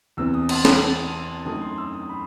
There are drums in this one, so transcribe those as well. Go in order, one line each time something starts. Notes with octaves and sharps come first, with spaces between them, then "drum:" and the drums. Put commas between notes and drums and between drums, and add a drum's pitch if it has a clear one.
E2 C3 E3 E6
D#6
C6, drum: cymbal
A5, drum: snare
F#2 D#3 A3 D#4 D#6
C6
E6
D#6
B5